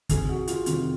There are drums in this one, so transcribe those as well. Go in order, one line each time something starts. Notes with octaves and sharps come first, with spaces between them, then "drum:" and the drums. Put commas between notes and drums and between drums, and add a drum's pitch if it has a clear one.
F2 C3 D#3 G#4, drum: kick, hi-hat
F#4
F4, drum: hi-hat
F2 C3 D#3, drum: hi-hat